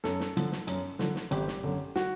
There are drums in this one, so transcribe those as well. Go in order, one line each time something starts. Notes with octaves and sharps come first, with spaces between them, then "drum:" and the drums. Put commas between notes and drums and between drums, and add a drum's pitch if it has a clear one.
F#2 A4, drum: snare
drum: snare
D3 F3, drum: hi-hat
drum: snare
F#2, drum: hi-hat
D3 F3, drum: snare
drum: snare
G#1 G4, drum: hi-hat
drum: snare
F#2 D3
F#4, drum: snare